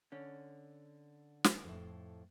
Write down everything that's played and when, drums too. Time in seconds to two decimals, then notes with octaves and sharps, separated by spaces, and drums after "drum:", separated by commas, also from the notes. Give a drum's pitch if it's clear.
0.12 D3 C#4
1.44 drum: snare
1.64 F2 A2